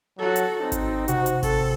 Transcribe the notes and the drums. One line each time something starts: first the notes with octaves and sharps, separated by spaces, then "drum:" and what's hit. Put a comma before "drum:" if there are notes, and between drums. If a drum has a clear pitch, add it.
F#3 F#4 A4
drum: hi-hat
C4 D#4
drum: kick G#1, hi-hat
C3 F#4, drum: hi-hat
drum: hi-hat
C4 A4, drum: kick G#1, open hi-hat